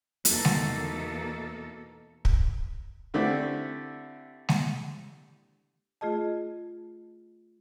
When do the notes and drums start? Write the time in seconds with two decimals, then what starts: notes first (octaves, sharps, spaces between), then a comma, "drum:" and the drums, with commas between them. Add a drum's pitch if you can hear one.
0.25 E2 B2 A3 A#3 D#4 A4, drum: hi-hat
0.45 drum: snare G#3
2.25 drum: kick
3.14 D3 A3 C4 D4 E4 G4
4.49 drum: snare G#3
6.01 A3 F4 G#4 D#5 A5